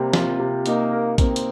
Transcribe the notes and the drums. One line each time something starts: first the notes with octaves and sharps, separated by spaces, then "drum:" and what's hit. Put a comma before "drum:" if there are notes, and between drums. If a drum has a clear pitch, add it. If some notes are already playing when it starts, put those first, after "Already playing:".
Already playing: C3 G3 A#3 C4
F4, drum: snare
C3
A#3 D#4, drum: hi-hat
A#4
A#3 C4, drum: kick A#1, hi-hat
drum: hi-hat